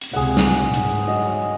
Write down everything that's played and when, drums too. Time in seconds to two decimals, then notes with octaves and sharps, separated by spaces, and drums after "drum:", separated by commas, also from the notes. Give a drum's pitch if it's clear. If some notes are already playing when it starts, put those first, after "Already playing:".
0.01 drum: hi-hat
0.13 C#2 C3 G#4 F#5
0.37 drum: snare
0.74 G#2, drum: hi-hat
1.08 F#3 D#5